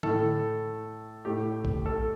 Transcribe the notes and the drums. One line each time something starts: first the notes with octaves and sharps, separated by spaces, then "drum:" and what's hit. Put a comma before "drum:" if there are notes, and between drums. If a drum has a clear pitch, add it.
A2 A3 A4, drum: tom D3
A2 A3 G4
drum: kick A1
A4